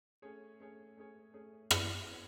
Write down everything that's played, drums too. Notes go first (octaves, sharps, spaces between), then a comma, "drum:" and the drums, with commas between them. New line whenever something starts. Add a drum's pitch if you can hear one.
A3 C#4 G#4 C#5
A3 C#4 G#4 C#5
A3 C#4 G#4 C#5
A3 C#4 G#4 C#5
B3 F#4 C#5, drum: rim click
B3 F#4 C#5